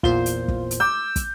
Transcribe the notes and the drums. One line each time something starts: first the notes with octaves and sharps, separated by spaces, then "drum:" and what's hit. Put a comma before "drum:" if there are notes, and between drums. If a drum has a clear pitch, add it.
E2 A#2 F4 C5 G7, drum: kick
drum: hi-hat
drum: kick
drum: hi-hat
D6 E6 G6
drum: kick, hi-hat